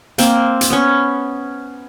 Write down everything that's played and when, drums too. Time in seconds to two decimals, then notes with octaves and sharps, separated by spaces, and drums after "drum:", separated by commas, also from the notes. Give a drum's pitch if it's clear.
0.18 A#3 C4, drum: hi-hat
0.61 drum: hi-hat
0.70 B3 C#4